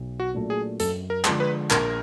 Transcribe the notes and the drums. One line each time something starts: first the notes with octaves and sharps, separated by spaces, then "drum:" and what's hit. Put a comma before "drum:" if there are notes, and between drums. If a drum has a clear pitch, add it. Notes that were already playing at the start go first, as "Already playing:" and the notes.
Already playing: B1
F#4
A#2 F#3 A3 D4
G#4
F#2 A4, drum: hi-hat
A#4
D3 F3 G#3, drum: clap
B4
A#1 A#4, drum: clap